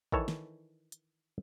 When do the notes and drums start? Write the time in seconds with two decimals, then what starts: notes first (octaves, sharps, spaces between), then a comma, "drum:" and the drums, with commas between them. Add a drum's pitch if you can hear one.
0.12 D#3 E3 A4 C#5 A5, drum: kick
0.28 drum: snare
0.92 drum: hi-hat